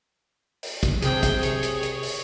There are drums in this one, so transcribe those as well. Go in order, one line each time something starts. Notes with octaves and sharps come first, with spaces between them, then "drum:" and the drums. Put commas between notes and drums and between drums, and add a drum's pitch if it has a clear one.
drum: open hi-hat
drum: kick, hi-hat
C3 C4 G#4 G5, drum: hi-hat
drum: kick, hi-hat
C#5, drum: hi-hat
drum: hi-hat
drum: hi-hat
drum: open hi-hat